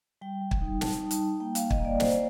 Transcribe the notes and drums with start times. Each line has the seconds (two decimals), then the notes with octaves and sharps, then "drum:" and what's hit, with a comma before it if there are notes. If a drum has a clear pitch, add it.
0.21 G3 G5
0.41 G3
0.51 drum: kick
0.61 D#4
0.81 G3 A5, drum: snare
1.01 D#4
1.11 drum: hi-hat
1.21 G3
1.40 A#3 G5
1.55 F5, drum: hi-hat
1.60 A#3
1.70 D#5, drum: kick
1.80 A#3 D5
2.00 A#3 C5, drum: snare